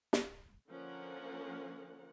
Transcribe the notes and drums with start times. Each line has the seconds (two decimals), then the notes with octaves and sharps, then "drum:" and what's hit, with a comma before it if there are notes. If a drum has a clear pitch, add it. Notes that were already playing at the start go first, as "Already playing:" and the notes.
0.13 drum: snare
0.70 D3 F3 A#3 C#4 A#4 F#5